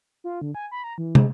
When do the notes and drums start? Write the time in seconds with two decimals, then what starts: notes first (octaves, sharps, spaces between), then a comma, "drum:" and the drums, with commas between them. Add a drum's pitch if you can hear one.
0.24 F4
0.42 D3
0.55 G#5
0.72 B5
0.84 A#5
0.98 E3
1.15 G#3, drum: tom